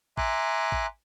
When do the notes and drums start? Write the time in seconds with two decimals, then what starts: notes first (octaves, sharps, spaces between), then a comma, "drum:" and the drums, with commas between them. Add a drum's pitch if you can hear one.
0.17 E5 G#5 A#5 C6 D6 F#6, drum: kick A1
0.72 drum: kick A1